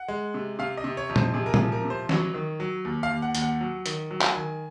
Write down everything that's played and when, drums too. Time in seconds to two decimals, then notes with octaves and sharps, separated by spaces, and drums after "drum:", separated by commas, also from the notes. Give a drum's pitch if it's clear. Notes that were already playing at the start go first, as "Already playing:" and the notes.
Already playing: F#5
0.08 G#3
0.34 C3
0.59 C3 F5
0.77 D#5
0.84 C3
0.97 C#5
1.09 F2
1.16 C5, drum: tom
1.34 C3 G#4
1.46 A#4
1.54 G#4, drum: tom
1.60 F3
1.72 A#4
1.85 C3
1.90 C5
2.09 F#3 C#5, drum: snare
2.34 D#3
2.60 F#3
2.85 D#2
3.03 F5
3.10 D#2
3.22 F#5
3.35 D#2, drum: hi-hat
3.42 F#5
3.61 F#3
3.86 D#3, drum: hi-hat
4.11 F#3
4.22 drum: clap
4.35 D#3 G#5